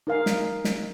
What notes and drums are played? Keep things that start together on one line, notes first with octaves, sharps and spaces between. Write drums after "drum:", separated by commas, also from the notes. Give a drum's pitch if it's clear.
D#4 A#4 F5 G#5
drum: snare
drum: snare